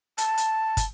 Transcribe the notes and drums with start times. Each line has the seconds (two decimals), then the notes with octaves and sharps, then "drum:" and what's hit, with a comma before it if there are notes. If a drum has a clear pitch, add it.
0.18 A5, drum: hi-hat
0.38 drum: hi-hat
0.77 drum: kick, hi-hat